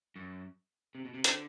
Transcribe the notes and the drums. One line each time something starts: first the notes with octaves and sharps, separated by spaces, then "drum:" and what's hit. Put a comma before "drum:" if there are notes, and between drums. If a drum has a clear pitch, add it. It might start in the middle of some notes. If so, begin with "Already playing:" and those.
F#2
C3
B2
C3
D3, drum: hi-hat